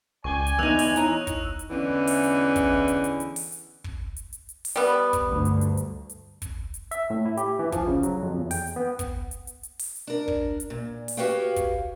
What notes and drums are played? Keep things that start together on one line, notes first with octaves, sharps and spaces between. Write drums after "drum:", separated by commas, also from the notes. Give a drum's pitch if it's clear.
C#2 D5 G5 G#5 C#6
drum: hi-hat
E2 B3 D#4 E6 F#6 F7
drum: open hi-hat
D#4 E4 C#5 A#5, drum: hi-hat
drum: kick, hi-hat
drum: hi-hat
E2 D3 E3 G#3 C#4
drum: open hi-hat
drum: hi-hat
drum: kick, hi-hat
drum: hi-hat
drum: hi-hat
drum: hi-hat
drum: open hi-hat
drum: hi-hat
drum: kick
drum: hi-hat
drum: hi-hat
drum: hi-hat
drum: open hi-hat
G3 B3
drum: kick, hi-hat
D2 G2
drum: hi-hat
drum: hi-hat
drum: hi-hat
drum: hi-hat
drum: kick, hi-hat
drum: hi-hat
E5, drum: hi-hat
A2
E4
G4, drum: hi-hat
E3
F3, drum: kick, hi-hat
C#3
F#3, drum: hi-hat
F2
E2
G5, drum: open hi-hat
drum: hi-hat
B3
drum: kick, hi-hat
drum: hi-hat
drum: hi-hat
drum: hi-hat
drum: open hi-hat
drum: hi-hat
D4 A#4
drum: kick
drum: hi-hat
A#2
drum: open hi-hat
F#4 G4 B4 C#5 F5 G5
drum: kick, hi-hat